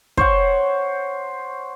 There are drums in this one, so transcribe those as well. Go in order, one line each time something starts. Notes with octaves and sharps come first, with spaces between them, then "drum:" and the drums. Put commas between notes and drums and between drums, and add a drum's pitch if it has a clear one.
C5 C#5 F#5, drum: kick